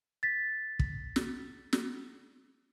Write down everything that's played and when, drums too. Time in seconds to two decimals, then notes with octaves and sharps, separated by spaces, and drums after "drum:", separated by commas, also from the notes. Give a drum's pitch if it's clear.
0.23 A6 B6
0.79 drum: kick
1.16 drum: snare
1.73 drum: snare